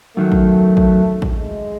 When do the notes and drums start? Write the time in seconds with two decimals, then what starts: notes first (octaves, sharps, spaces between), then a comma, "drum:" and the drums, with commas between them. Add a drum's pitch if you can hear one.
0.17 F#2 D#3 F#3 A3
0.32 drum: kick A1
0.77 drum: kick A1
1.22 drum: kick A1
1.37 G#3